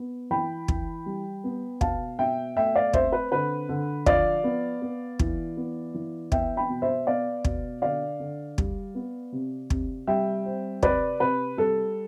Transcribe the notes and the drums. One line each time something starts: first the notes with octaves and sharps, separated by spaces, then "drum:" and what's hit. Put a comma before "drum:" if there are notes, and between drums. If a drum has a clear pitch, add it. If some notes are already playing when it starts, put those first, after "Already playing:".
Already playing: B3
E3 G5 B5
E3, drum: kick
G3
B3
B2 F5 A5, drum: kick
B2 E5 G5
A3 E5 G5
D5 F5
C4 C5 E5, drum: kick
B4
D3 B4
D3
F3 D5 F5, drum: kick
B3
B3
E3, drum: kick
B3
E3
B3 E5 G5, drum: kick
G5 B5
B2
C5 E5
B3 D5 F5
B2, drum: kick
D3 D5 F5
D3
G3, drum: kick
B3
C3
C3, drum: kick
G3 E5 G5
C4
C3 B4 D5, drum: kick
C3 B4
G3 A4